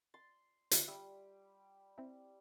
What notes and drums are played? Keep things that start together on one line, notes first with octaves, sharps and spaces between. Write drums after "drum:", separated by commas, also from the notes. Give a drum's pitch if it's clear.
C6 A6
D3 F4, drum: hi-hat
G3 E5
C4 E4